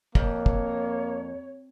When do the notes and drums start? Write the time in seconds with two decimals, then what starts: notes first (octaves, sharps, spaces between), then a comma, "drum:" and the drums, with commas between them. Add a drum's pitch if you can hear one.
0.15 F2 A#3 C#5, drum: kick
0.46 drum: kick